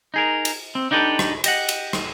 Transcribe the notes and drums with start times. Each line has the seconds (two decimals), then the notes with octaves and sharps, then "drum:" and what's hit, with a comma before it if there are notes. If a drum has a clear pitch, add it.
0.14 D#4 G#4 A#4
0.45 drum: cymbal
0.75 C4
0.91 D4 D#4 G4 A4 B4
1.19 drum: rim click
1.44 G4 D#5 F#5, drum: cymbal
1.69 drum: cymbal
1.93 drum: rim click